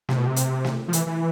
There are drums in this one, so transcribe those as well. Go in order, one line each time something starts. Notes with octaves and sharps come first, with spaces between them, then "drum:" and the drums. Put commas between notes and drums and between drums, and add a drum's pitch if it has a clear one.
C3, drum: snare
B2
C3
drum: hi-hat
drum: snare
F3
E3, drum: hi-hat
E3